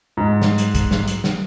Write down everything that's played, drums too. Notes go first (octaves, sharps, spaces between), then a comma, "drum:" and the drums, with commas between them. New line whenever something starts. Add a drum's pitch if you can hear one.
G#2
drum: snare
drum: hi-hat
drum: kick, hi-hat
drum: snare
drum: hi-hat
drum: snare